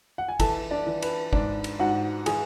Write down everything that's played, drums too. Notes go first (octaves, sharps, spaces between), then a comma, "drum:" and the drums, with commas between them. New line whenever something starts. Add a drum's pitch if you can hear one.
F#5
G#5
E3 A4 A5, drum: kick G1, cymbal
D4 D5
E3
B4, drum: cymbal
G#2 D4 D5, drum: kick G1
drum: cymbal
G#2 F#4 F#5
E3 G#4 G#5, drum: cymbal